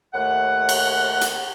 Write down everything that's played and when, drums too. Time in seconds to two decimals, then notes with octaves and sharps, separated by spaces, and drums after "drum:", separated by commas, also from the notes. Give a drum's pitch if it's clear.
0.14 D#2 A2 A3 F#5
0.69 drum: cymbal
1.21 drum: hi-hat